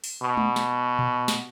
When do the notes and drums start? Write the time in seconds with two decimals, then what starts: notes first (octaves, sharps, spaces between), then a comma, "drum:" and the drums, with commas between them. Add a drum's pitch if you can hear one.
0.04 drum: open hi-hat
0.22 B2
0.37 drum: tom G#3
0.56 drum: snare
0.99 drum: tom A#2
1.28 drum: snare